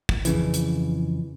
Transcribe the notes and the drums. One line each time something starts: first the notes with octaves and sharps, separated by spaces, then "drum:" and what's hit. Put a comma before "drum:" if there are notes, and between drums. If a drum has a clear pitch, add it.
drum: kick
F2 C#3 E3, drum: hi-hat
drum: hi-hat